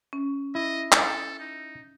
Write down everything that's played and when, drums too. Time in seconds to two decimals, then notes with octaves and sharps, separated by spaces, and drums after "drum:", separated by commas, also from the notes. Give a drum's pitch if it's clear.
0.13 C#4
0.55 E4 D#5
0.92 A4, drum: clap
1.40 D#4